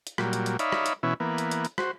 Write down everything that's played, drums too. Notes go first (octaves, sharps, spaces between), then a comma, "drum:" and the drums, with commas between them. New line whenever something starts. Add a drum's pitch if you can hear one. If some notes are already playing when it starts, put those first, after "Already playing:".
drum: hi-hat
A#2 F#3 G3, drum: rim click
drum: hi-hat
drum: hi-hat
D#4 C#5 D5 E5 F5 B5, drum: hi-hat
drum: rim click
drum: hi-hat
B2 E3 C#4 E4
E3 A#3 B3
drum: hi-hat
drum: hi-hat
drum: hi-hat
F#4 C5, drum: rim click